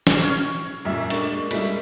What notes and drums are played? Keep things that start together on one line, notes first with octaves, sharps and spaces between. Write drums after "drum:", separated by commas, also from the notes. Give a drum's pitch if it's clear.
drum: snare
C#6 F6 G#6
F#2 A#2 E5
G#3 A#3 D4 D5 C#6 E7, drum: hi-hat
G3 G#3 A#3 C#4 E4, drum: hi-hat